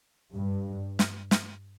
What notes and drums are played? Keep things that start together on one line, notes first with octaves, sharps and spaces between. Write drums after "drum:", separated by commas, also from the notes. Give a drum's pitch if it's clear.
G2
drum: snare
drum: snare